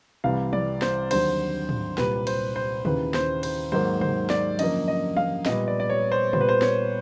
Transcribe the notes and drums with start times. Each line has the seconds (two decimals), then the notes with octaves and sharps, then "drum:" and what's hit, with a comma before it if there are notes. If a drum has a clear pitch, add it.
0.24 C2 C3 E3 G3 C4 F5
0.53 D5, drum: tom
0.82 C5, drum: snare
1.11 D#2 D3 F#3 C5, drum: cymbal
1.69 drum: tom
1.98 C2 A#2 G3 B4, drum: snare
2.27 C5, drum: cymbal
2.56 C5
2.85 D#2 C#3 E3 B4, drum: tom
3.14 C5, drum: snare
3.43 C5, drum: cymbal
3.72 G#2 D#3 F#3 A#3 C5
4.01 C5, drum: tom
4.30 D5, drum: snare
4.59 F#2 D3 F3 A#3 D#5, drum: cymbal
4.88 D#5
5.17 F5, drum: tom
5.46 A#2 G3 B3 D#5, drum: snare
5.68 D5
5.80 D5
5.90 C#5
6.12 C5
6.33 A#2 G3 B3 C5, drum: tom
6.41 B4
6.49 C5
6.62 C#5, drum: snare